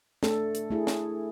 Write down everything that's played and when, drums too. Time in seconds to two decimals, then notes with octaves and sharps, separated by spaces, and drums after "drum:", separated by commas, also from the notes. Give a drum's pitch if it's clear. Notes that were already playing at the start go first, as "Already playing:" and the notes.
0.23 A3 D4 A4, drum: snare
0.55 drum: hi-hat
0.71 A3 E4 G#4
0.87 drum: snare